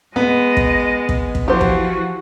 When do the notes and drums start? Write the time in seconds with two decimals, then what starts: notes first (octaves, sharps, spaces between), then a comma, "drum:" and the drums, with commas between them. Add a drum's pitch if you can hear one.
0.16 G#3 B3 D#5
0.57 drum: kick
1.09 drum: kick
1.35 drum: kick
1.48 E3 F3 F#4 G4 C5
1.61 drum: kick